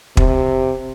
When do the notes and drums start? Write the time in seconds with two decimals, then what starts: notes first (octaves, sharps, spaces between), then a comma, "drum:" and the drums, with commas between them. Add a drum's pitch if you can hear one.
0.17 C3, drum: kick